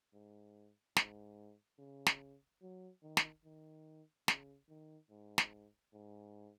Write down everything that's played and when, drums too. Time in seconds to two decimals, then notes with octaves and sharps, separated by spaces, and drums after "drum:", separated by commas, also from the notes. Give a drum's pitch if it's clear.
0.14 G#2
0.96 G#2, drum: snare
1.79 C#3
2.06 drum: snare
2.62 F#3
3.03 D#3
3.17 drum: snare
3.45 D#3
4.28 C#3, drum: snare
4.69 D#3
5.10 G#2
5.38 drum: snare
5.93 G#2